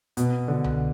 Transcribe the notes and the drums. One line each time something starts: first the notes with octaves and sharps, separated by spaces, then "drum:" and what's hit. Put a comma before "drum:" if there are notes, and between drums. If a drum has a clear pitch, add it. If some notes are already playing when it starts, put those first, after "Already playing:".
B2, drum: hi-hat
D3
drum: tom C2